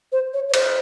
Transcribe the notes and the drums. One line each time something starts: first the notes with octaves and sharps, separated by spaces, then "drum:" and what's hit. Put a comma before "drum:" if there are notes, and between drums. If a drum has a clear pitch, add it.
C5
C#5
C#5
C5, drum: cymbal